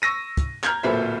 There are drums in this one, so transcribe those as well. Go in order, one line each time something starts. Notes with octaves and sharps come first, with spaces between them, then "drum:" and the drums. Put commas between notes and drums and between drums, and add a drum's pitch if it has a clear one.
C#6 E6 A#6 D#7
drum: kick, hi-hat
A#5 F6 G6 G#6, drum: clap
D1 A#2 A4 B4 C5 E5